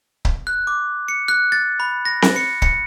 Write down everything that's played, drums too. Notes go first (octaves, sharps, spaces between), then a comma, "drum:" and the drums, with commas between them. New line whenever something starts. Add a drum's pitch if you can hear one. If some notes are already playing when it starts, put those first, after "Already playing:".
drum: kick C#1
F#6
D6
C#7
F#6
A6
B5
A#6
drum: snare C4
C#7
C#7, drum: kick C#1